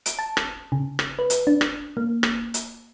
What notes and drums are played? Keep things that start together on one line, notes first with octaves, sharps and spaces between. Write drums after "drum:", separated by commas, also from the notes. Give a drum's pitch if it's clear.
D7, drum: hi-hat
A5
drum: rim click
C#3
drum: rim click
B4
drum: hi-hat
D4
drum: rim click
A#3
drum: rim click
drum: hi-hat